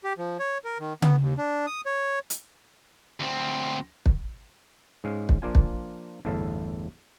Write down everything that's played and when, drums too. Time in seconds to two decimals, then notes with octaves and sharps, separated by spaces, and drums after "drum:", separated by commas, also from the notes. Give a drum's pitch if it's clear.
0.04 G4
0.18 F3
0.39 C#5
0.65 A#4
0.79 D#3
1.02 B3, drum: tom C#3
1.21 D#2
1.38 D4
1.67 D#6
1.86 C#5
2.30 drum: hi-hat
3.20 D2 C4
4.06 drum: kick
5.04 G#2 G#3 C#4 F5
5.29 drum: kick
5.42 F3 A#3 D4 F4 G#5
5.55 drum: kick
6.25 G1 E2 A2 A4 E5 F5